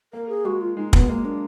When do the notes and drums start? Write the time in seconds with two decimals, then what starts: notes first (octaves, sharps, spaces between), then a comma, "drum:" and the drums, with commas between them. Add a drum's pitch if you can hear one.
0.13 A#3 A#4
0.29 G#4
0.45 G#3 F#4
0.61 F4
0.77 G#3 D#4
0.93 F#3 B3, drum: kick
1.09 G#3 A#3
1.25 A#3 D4